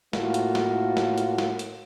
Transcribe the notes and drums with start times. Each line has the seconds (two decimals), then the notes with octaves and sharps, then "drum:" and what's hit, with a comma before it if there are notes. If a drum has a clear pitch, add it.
0.13 A2 A#3 F4 F#4, drum: snare
0.34 drum: hi-hat
0.55 drum: snare
0.97 drum: snare
1.18 drum: hi-hat
1.38 drum: snare
1.59 drum: hi-hat